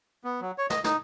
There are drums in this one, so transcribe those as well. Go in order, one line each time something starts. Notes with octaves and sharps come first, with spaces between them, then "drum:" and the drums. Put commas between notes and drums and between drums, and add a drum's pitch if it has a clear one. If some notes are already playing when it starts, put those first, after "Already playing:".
B3
F#3
C#5
D#5, drum: snare
D#4, drum: snare